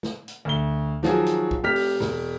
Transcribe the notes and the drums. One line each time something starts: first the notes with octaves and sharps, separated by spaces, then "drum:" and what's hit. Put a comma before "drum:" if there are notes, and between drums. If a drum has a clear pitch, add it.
drum: snare
drum: hi-hat
D2 G7
D#3 F3 F#3 F#4 G#4, drum: snare
drum: hi-hat
drum: kick
F1 G4 F6 B6
drum: open hi-hat
E1, drum: snare